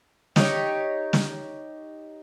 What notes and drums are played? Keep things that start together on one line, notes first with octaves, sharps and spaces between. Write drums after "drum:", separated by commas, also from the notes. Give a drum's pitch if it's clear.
D#4 G4 B4 C#5, drum: snare
drum: snare